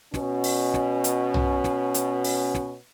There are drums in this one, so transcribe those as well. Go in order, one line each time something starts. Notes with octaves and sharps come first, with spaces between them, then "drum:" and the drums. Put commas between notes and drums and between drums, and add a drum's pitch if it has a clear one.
B2 C#4, drum: snare
drum: open hi-hat
drum: snare
drum: hi-hat
drum: tom B1
drum: snare
drum: hi-hat
drum: open hi-hat
drum: snare